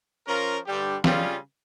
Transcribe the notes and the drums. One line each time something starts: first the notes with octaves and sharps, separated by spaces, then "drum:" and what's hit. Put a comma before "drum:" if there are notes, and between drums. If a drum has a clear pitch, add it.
F3 C#4 F4 A#4
G2 D3 G3 D4 G4
C#3 G3 C#4 F4, drum: snare